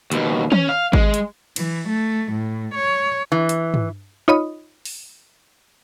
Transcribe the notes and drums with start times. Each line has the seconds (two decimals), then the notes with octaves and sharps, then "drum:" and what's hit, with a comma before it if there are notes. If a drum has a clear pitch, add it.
0.12 D#2 B2, drum: hi-hat
0.52 C#4, drum: tom
0.69 F5
0.93 G#3, drum: kick G#1
1.14 drum: hi-hat
1.56 E3, drum: cymbal
1.89 A3
2.32 A2
2.75 C#5
3.32 E3
3.49 drum: hi-hat
3.74 drum: tom
4.28 D#4 F4 C#5 D#5 B5 D#6
4.85 drum: open hi-hat